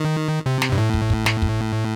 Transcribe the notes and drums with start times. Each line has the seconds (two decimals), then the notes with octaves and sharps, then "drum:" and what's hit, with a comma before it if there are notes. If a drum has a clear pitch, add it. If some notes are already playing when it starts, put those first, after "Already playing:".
Already playing: D#3
0.46 C3
0.62 drum: snare
0.72 G2
0.78 A2
0.94 drum: kick
1.10 drum: kick
1.26 drum: snare
1.42 drum: kick